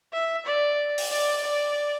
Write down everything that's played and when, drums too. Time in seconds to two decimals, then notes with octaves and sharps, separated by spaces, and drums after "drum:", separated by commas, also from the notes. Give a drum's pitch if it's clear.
0.12 E5
0.45 D5
0.98 drum: open hi-hat
1.11 D5
1.44 D5